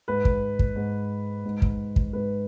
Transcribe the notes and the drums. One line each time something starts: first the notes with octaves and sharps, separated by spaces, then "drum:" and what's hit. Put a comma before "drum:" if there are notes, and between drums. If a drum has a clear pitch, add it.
G#2 B4
drum: kick
drum: kick
G#2
G#2
drum: kick
drum: kick
G#2 B4